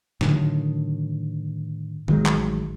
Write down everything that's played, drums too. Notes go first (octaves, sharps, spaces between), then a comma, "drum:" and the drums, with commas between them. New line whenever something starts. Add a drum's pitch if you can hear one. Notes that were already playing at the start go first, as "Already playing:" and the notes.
A2 D3 D#3 F#3, drum: snare
A1 D#3 F#3 G#3, drum: tom D#3
drum: clap